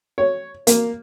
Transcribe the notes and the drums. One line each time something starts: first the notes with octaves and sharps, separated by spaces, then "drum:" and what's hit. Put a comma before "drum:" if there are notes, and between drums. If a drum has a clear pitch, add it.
C#5
A#3, drum: hi-hat